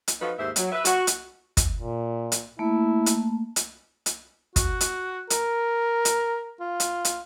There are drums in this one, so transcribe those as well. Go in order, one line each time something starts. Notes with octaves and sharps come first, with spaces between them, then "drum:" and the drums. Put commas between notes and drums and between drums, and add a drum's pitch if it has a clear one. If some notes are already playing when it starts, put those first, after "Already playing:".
drum: hi-hat
F3 D#4 F4 F#4 A4 B4
D#2 G#2 C5 E5
F#3, drum: hi-hat
B4 E5
F#4, drum: hi-hat
drum: hi-hat
drum: kick, hi-hat
A#2
drum: hi-hat
A3 A#3 E4
drum: hi-hat
drum: hi-hat
drum: hi-hat
F#4, drum: kick, hi-hat
drum: hi-hat
A#4, drum: hi-hat
drum: hi-hat
F4
drum: hi-hat
drum: hi-hat